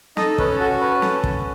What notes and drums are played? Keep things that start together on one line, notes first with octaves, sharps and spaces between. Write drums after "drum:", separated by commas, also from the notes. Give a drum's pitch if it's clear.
D#4 A4 D#5, drum: snare
C#4 B4, drum: kick
F#4 A4
C#4 B4
A4, drum: snare
C#4, drum: kick